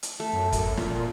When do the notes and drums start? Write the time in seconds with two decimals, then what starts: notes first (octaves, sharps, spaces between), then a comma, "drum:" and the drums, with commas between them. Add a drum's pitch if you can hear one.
0.03 drum: hi-hat
0.20 A3
0.33 F#2
0.52 drum: kick, hi-hat
0.77 A#2 F4, drum: snare